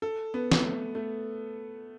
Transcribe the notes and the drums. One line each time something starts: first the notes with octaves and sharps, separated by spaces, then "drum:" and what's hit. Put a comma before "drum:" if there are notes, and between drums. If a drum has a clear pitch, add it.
A4
B3
drum: snare
A3
A3